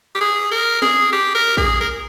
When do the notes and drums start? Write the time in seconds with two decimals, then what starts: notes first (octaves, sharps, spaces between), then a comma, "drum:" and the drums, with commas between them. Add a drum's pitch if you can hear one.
0.15 G4
0.21 G#4
0.51 A#4
0.82 G#4, drum: snare
1.12 G4
1.35 A#4
1.57 G#4, drum: kick
1.80 A#4